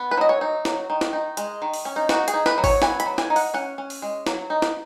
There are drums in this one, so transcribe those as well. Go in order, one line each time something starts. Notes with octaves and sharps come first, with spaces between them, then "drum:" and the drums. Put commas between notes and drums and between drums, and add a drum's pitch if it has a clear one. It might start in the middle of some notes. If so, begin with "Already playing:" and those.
Already playing: B3
B4
F#3 D#5
C#5
D#4
F#3, drum: snare
D#3
drum: snare
D#4
G#3, drum: hi-hat
D#3
drum: open hi-hat
C#4
D#4
D#4 F#4, drum: snare
G#4, drum: hi-hat
D#4
B4, drum: snare
F#3
C#5, drum: kick G#1, open hi-hat
B3 G#5, drum: snare
B5, drum: hi-hat
F#3
G#5, drum: snare
D#4
F#5, drum: open hi-hat
C#4 F#5
C#4
drum: open hi-hat
G#3
F#3, drum: snare
D#4
drum: snare